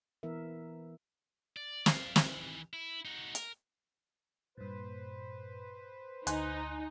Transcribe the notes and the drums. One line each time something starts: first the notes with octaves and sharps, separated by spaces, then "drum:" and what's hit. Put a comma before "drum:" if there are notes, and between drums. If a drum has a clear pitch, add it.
E3 B3 E4 A#4 E5
D5
D5 F5, drum: snare
D#3 E3, drum: snare
E4
D#4 F#4
A#4, drum: hi-hat
G2 A#2 B4 C5
D2 D#4 G#5 C6 F#6, drum: hi-hat